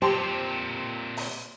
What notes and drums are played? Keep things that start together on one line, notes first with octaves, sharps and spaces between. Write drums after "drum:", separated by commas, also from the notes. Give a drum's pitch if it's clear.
A#2 C4 G4 C5 A5 C6
drum: open hi-hat